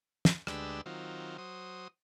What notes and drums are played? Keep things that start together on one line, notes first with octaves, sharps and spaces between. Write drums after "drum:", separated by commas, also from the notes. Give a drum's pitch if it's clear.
drum: snare
D2 G#3 D4 G4 B4 E6, drum: rim click
D#3 F#3 C4 F4
F#3 C5 D#6